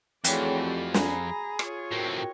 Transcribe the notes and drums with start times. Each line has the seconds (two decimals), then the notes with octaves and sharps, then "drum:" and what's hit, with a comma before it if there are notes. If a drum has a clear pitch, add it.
0.24 F2 E3 A3 F#4 G#4 C#5 D5 G5, drum: hi-hat
0.59 G4
0.94 G#4 G#5 A#5 B5, drum: snare
1.59 F4 C#5, drum: rim click
1.91 A2 C4 F#4 A#4 G5